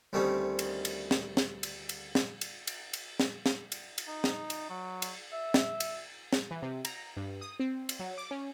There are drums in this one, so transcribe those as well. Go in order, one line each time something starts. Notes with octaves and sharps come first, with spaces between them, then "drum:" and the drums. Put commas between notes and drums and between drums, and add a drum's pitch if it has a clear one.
D2 D#3 G3 A3 C4 C#4
drum: cymbal
drum: cymbal
drum: snare
drum: snare
drum: cymbal
drum: cymbal
drum: snare
drum: cymbal
drum: cymbal
drum: cymbal
drum: snare
drum: snare
drum: cymbal
drum: cymbal
D#4
drum: snare
drum: cymbal
F#3
drum: cymbal
E5
drum: snare
drum: cymbal
drum: snare
E3
C3
A#5, drum: cymbal
G2
D#6
C4
drum: cymbal
F#3
D6
C#4